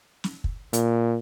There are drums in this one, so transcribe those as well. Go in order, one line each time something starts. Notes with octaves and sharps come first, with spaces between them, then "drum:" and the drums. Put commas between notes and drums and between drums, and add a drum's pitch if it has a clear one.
drum: snare
drum: kick
A#2, drum: hi-hat